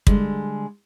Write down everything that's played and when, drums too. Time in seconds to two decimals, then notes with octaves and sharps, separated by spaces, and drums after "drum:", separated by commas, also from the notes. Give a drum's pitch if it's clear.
0.07 D3 G3 G#3, drum: kick